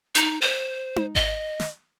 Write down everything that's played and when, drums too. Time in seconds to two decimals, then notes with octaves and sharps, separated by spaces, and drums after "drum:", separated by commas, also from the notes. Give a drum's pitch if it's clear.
0.15 D#4, drum: hi-hat
0.42 C5
0.96 drum: tom D#4
1.15 D#5, drum: kick G#1
1.60 drum: snare